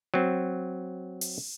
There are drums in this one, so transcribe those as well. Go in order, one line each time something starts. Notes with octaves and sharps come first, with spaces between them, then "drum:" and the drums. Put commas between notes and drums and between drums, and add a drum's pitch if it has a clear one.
F#3 C4
drum: open hi-hat